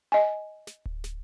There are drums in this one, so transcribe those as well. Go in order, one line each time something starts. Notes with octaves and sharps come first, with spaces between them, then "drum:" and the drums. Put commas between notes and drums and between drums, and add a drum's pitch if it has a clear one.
D#5 G#5
drum: snare
drum: kick D1
drum: snare